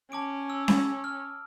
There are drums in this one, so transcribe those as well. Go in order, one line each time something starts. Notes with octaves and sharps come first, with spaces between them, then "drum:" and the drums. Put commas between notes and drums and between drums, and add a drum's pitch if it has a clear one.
C#4 A5 D6 D7
E6
drum: snare C#4
F6